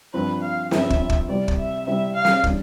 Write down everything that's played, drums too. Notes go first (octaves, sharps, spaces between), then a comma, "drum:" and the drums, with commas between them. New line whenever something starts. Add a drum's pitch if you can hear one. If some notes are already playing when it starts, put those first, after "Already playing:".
G2 F3 C4 B4
F5
G2 F3 C4 E5, drum: snare
drum: kick
drum: kick
C3 G3 C4 E4 D5
drum: kick
E5
C3 G3 C4 E4 E5
F5
drum: snare
E3 G3 B3 D4, drum: kick